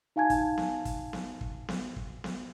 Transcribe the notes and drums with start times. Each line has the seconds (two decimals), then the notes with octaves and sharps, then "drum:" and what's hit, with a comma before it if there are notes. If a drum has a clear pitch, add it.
0.16 D#4 F5 G#5 A5 G#6
0.30 drum: kick, hi-hat
0.58 drum: snare B3
0.85 drum: kick, hi-hat
1.13 drum: snare B3
1.41 drum: kick
1.68 drum: snare B3
1.96 drum: kick
2.24 drum: snare B3